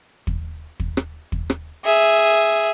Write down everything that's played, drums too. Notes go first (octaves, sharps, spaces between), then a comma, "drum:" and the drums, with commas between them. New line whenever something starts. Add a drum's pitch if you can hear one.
drum: kick
drum: kick
drum: rim click
drum: kick
drum: rim click
G#4 E5